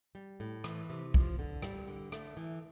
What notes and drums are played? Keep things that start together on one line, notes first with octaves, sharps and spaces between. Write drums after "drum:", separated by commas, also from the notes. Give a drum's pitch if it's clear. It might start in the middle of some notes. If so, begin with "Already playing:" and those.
G3
A2
E3, drum: rim click
C3
F3, drum: kick
D3
G3, drum: rim click
D3
A3, drum: rim click
E3